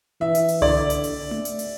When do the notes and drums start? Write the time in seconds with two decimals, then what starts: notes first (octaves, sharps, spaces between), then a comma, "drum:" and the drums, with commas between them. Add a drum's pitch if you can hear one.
0.20 E3 E5
0.35 drum: hi-hat
0.48 drum: open hi-hat
0.62 D3 D5, drum: tom C2
0.90 drum: hi-hat
1.04 drum: open hi-hat
1.31 drum: tom A3
1.45 drum: hi-hat
1.59 drum: open hi-hat